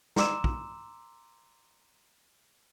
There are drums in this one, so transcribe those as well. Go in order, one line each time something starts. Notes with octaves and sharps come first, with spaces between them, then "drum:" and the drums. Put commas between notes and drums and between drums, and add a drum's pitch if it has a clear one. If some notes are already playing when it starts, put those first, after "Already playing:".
A#5 C6 D6 E6 E7, drum: snare
drum: kick